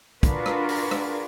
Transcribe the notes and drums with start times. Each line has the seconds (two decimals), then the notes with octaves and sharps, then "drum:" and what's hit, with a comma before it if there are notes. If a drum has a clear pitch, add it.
0.23 D4 F4 F#4 G#4 A#4 B4, drum: kick, hi-hat
0.46 drum: rim click
0.69 drum: open hi-hat
0.91 drum: rim click